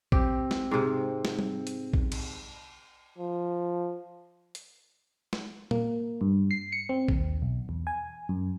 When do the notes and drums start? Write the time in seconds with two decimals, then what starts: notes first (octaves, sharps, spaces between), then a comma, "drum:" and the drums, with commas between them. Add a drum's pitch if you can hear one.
0.12 C4 G4, drum: kick A#1
0.51 drum: snare
0.71 G#2 C3
1.25 drum: snare
1.39 drum: tom G3
1.67 drum: hi-hat
1.94 drum: kick A#1
2.12 drum: cymbal
3.18 F3
4.55 drum: hi-hat
5.33 drum: snare
5.71 A#3, drum: tom A#2
6.21 G2
6.51 C7
6.72 C#7
6.89 C4
7.09 D#2, drum: kick A#1
7.42 B1
7.69 E2
7.87 G#5
8.29 F#2